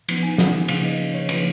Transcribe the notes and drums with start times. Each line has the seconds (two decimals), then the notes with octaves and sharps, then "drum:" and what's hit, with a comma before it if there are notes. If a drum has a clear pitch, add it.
0.09 F3 B3 D#4, drum: cymbal
0.23 G#5
0.38 F#5, drum: snare
0.68 C#3 F3 A#3 C#4 F5, drum: cymbal
0.84 D#5
1.14 C#5
1.29 C#3 F3 A#3 C#4 B4, drum: cymbal